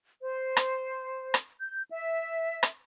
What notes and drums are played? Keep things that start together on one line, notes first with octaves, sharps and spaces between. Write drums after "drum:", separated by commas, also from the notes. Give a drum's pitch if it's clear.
C5
drum: rim click
drum: rim click
G6
E5
drum: rim click